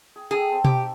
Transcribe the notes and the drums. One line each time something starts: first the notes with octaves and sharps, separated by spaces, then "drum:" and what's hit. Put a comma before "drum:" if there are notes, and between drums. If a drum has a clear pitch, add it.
G#4
G#4 A4 G5 E6
C4 A5
C4 D#4 G4, drum: tom B2